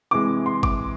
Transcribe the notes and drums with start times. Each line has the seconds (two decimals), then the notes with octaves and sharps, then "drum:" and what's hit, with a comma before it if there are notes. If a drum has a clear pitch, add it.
0.11 C3 E3 G#3 D6
0.46 C6
0.63 D6, drum: kick